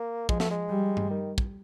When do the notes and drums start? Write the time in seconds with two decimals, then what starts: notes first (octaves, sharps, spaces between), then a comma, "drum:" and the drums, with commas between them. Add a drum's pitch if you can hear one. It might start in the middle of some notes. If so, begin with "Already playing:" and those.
Already playing: A#3
0.29 F3 G#3, drum: kick
0.40 A3, drum: snare
0.51 G#3
0.70 G3
0.97 drum: tom G2
1.11 D#3
1.38 drum: kick